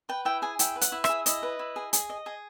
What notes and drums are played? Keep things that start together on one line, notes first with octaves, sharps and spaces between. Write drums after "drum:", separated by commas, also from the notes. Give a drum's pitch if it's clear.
B4 G5
E4 G5
G#4 G#5
E4 G5, drum: hi-hat
B4
F#5, drum: hi-hat
E4
E5, drum: rim click
G#4
E4 D#5, drum: hi-hat
B4
E4
G#4
G#4, drum: hi-hat
D#5
G#4